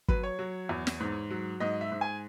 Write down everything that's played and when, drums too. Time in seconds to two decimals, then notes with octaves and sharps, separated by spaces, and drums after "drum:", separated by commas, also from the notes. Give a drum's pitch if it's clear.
0.08 F#3 B4, drum: kick
0.23 C#5
0.39 F#3
0.69 E2
0.87 drum: snare
1.00 G#2
1.30 F#3
1.60 G#2 D#5
1.81 E5
1.91 G#2
2.01 G#5